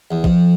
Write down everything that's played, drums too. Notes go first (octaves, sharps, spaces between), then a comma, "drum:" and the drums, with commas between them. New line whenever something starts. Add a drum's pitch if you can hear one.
E2
F2, drum: kick